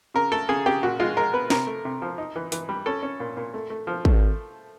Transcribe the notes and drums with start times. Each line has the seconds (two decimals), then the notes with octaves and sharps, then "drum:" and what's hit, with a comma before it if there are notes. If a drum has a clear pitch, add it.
0.14 C#3 A#4
0.32 A3 A4
0.49 C#3 G#4
0.66 C#3 G4
0.83 A#2 F#4
1.00 G#3 F4
1.17 G#3 A#4
1.33 B3 B4
1.50 C3 A#4, drum: snare
1.67 A3
1.85 C3
2.02 F3
2.18 D#4
2.36 E3
2.52 E3, drum: hi-hat
2.69 G3
2.86 C#4 A4
3.03 C#4
3.20 A#2
3.37 A#2
3.54 A3
3.70 A3
3.87 F3
4.05 A3, drum: kick G#1